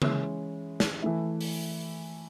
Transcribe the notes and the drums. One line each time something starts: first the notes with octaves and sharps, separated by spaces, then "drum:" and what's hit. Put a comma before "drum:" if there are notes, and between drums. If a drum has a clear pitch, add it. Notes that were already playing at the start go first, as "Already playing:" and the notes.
E3 G#3 C#4 E4, drum: tom C#3
drum: snare
E3 A3 E4
drum: open hi-hat